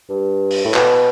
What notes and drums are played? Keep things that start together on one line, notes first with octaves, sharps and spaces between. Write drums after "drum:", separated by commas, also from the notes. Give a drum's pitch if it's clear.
G2
drum: open hi-hat
A2
B2, drum: clap